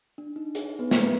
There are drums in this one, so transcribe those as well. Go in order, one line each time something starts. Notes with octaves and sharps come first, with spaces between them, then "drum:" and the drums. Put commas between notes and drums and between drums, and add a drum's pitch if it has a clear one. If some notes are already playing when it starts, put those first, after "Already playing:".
D4
D#4
G#4, drum: hi-hat
B3 B4
drum: snare
B3 B4